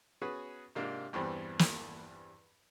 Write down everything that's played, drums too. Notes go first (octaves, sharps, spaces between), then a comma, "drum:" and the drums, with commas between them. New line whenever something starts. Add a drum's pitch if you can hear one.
B3 C#4 F#4 G#4 B4
G#2 C3 A#3 D4 F4
E2 G2 E3 G3 C4
drum: snare